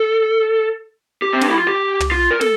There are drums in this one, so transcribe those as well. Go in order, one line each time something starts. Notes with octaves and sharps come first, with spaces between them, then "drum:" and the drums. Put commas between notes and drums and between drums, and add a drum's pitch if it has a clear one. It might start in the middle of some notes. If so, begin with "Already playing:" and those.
Already playing: A4
G4
C4
D4, drum: snare
E4
F4
G4
drum: tom
F4
A#4
A4, drum: snare